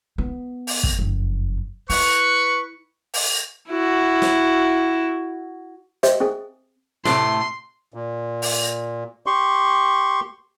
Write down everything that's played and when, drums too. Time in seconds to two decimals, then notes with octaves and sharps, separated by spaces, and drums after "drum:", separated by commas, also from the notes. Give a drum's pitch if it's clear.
0.18 B3
0.67 drum: open hi-hat
0.83 drum: kick
0.99 F#1 F2
1.90 E4 B4 C#6, drum: open hi-hat
3.14 drum: open hi-hat
3.69 E4 F#4
4.22 drum: snare
6.03 G4 C5 D#5 E5, drum: hi-hat
6.20 C4 G#4
7.05 A2 C3 A3 C6, drum: snare
7.94 A#2
8.42 drum: open hi-hat
9.26 G4 C6 C#6